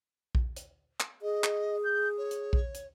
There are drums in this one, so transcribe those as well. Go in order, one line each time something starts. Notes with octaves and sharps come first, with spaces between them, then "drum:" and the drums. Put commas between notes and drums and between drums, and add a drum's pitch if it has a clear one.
drum: kick A#1
drum: hi-hat
drum: clap
G#4 D#5
drum: clap
G6
C#5
drum: hi-hat
drum: kick A#1
drum: hi-hat